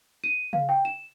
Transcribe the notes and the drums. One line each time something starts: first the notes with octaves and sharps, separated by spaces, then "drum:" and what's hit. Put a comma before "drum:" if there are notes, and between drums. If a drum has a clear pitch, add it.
D#7
F5, drum: tom C#3
G5
E7